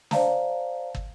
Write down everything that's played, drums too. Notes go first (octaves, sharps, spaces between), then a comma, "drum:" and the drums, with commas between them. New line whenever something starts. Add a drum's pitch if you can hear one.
C5 D5 F5 A5 A#5, drum: snare
drum: kick